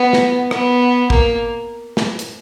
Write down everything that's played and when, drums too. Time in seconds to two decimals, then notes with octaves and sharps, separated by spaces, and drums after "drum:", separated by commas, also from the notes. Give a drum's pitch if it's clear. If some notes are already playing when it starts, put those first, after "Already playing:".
Already playing: B3
0.13 drum: snare
0.51 B3, drum: rim click
1.10 A#3, drum: kick
1.97 drum: snare
2.19 drum: hi-hat